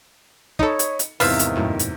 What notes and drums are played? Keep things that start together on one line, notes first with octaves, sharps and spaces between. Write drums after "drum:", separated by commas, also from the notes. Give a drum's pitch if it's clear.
D#4 A4 C#5 D#5 B5 C#7, drum: kick
drum: hi-hat
drum: hi-hat
E2 G#2 C3 D#3 F4 B4 E5, drum: open hi-hat
drum: hi-hat
F#2 A2
drum: hi-hat